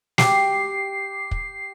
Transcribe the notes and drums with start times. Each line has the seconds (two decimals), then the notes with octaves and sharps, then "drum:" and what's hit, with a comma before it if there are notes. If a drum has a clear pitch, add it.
0.18 G4 C7, drum: snare
1.31 drum: kick